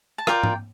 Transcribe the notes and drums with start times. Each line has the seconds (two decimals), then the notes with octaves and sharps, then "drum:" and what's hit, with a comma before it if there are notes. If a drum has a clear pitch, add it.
0.18 A5
0.27 F4 A#4 D5 G5, drum: rim click
0.43 drum: tom G#2